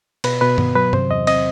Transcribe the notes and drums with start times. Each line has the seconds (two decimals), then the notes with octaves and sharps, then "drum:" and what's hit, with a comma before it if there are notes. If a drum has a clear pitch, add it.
0.24 B2 B4, drum: cymbal
0.41 B2 B4
0.58 B3, drum: tom G2
0.75 F#3 B4
0.93 C3 C5, drum: tom G2
1.10 E2 D#5
1.27 C4 D#5, drum: cymbal